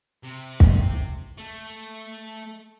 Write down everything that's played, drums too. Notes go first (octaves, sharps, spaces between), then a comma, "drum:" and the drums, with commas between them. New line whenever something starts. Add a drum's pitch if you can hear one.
C3
drum: kick
A3